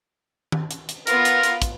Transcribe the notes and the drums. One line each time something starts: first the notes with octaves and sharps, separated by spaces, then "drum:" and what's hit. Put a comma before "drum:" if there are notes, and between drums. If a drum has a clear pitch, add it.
drum: tom D#3
drum: hi-hat
drum: hi-hat
B3 F4 A#4, drum: hi-hat
drum: hi-hat
drum: hi-hat
drum: kick, hi-hat